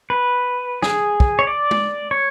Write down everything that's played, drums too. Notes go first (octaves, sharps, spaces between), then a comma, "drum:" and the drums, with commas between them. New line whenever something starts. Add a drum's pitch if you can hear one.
B4
G#4, drum: snare
drum: kick
C#5
D5
drum: tom G#3
C#5